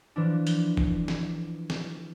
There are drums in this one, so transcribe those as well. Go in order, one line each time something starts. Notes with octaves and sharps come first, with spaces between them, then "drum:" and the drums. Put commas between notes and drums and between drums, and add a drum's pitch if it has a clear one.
E3 F3 D4
drum: hi-hat
drum: kick F1
drum: snare
drum: snare